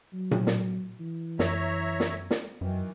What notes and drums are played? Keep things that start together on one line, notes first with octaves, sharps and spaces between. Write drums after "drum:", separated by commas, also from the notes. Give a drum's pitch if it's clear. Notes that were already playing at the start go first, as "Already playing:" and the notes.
F#3
drum: tom A#2
drum: snare
E3
F#2 C#5 E5 A#5, drum: snare
drum: snare
drum: snare
F#2 D#3 E3 F#3